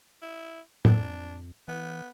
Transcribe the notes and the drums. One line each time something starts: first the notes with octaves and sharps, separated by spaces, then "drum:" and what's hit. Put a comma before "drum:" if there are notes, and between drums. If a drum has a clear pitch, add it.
E4
F2 D4, drum: tom
E3 B3